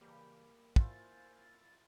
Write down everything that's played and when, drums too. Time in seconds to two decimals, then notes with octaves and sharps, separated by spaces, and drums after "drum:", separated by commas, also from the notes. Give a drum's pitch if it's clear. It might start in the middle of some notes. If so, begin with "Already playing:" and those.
0.01 C#3 E3 G3 A#3 G4
0.76 E4 F4 C5 G#5 A6, drum: kick